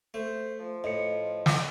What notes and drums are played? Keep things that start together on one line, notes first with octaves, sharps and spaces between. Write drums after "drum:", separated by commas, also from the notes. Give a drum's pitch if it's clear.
A3 C5
F3
A2 D#5 C#7
drum: snare